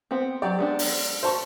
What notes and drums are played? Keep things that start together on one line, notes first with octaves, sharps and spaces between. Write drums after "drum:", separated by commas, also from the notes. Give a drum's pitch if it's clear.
B3 C4
F#3 G4 D5
G#3 B3 D4
drum: open hi-hat
C5 A5 C#6